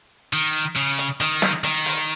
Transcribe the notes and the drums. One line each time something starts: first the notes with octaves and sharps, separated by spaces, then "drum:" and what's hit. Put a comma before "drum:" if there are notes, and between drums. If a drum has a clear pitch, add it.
D#3
C#3
drum: hi-hat
D#3, drum: hi-hat
drum: snare
D#3, drum: hi-hat
drum: open hi-hat